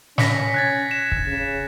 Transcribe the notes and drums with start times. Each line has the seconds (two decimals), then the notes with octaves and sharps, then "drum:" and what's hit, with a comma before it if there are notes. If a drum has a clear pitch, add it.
0.18 C#4 A#6 B6 C#7, drum: snare
0.54 F#6 G#6 A6
0.91 E7
1.12 drum: kick
1.27 C#3